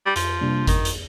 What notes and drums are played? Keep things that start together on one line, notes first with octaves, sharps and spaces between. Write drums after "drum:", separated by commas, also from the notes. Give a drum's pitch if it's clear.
G3
F2 F3, drum: hi-hat
C3 G3 A#3 D4
F2 D#3, drum: kick G1, hi-hat
drum: hi-hat